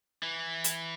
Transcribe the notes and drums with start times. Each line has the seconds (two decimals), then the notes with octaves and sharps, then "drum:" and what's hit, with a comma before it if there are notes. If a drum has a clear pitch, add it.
0.23 E3
0.64 drum: hi-hat